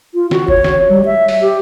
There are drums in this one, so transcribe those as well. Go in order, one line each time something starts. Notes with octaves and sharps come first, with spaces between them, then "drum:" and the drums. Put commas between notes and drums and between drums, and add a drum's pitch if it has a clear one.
F4
F#4, drum: snare
C#5, drum: kick F#1
drum: snare
G3
E5
drum: open hi-hat
G4